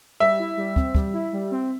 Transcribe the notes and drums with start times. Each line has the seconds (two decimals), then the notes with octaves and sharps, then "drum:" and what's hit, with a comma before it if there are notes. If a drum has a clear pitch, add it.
0.20 G3 E5
0.39 E4
0.57 G3
0.76 C4, drum: kick
0.95 G3, drum: kick
1.13 E4
1.33 G3
1.51 C4